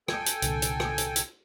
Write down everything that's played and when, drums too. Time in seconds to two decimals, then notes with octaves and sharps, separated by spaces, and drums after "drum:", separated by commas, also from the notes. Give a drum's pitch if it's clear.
0.08 A4 G5 G#5, drum: rim click
0.26 drum: hi-hat
0.42 C2 A#2 D3, drum: hi-hat
0.62 drum: hi-hat
0.80 drum: rim click
0.98 drum: hi-hat
1.16 drum: hi-hat